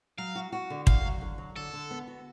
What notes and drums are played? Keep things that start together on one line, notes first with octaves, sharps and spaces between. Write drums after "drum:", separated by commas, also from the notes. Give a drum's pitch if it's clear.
F#3 F5
F#4
F#4
D3
F#4 F5, drum: kick
F#3
D3
F#3
D3 A4
D3
B3
F#4